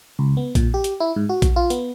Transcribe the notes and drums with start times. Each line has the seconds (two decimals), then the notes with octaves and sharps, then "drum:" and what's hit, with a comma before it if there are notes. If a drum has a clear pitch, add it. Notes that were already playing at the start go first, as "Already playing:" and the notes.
0.19 C#2
0.37 B3
0.55 A#2, drum: kick A#1, hi-hat
0.74 G4
0.84 drum: hi-hat
1.00 E4
1.16 G#2
1.29 F#4
1.42 drum: kick A#1, hi-hat
1.56 F4
1.70 B3, drum: hi-hat